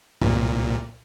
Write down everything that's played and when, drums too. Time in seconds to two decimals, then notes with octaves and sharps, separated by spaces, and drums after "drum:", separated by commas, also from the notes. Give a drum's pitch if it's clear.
0.22 C2 A#2, drum: tom G2